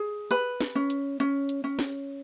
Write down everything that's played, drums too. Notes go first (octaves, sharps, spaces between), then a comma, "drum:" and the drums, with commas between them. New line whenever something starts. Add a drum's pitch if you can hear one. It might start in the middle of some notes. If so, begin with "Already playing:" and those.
Already playing: G#4
B4 B5, drum: hi-hat
drum: snare
C#4
drum: hi-hat
C#4, drum: hi-hat
drum: hi-hat
C#4
drum: snare